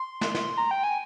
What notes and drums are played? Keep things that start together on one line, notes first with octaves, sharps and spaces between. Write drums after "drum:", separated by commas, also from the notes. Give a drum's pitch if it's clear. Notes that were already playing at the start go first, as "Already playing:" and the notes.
Already playing: C6
drum: snare
drum: snare
A#5
G5
G#5